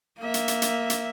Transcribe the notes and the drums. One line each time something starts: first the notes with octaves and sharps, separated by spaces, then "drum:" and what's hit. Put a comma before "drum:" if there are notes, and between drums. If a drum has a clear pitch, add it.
A#3 E5
drum: hi-hat
drum: hi-hat
drum: hi-hat
drum: hi-hat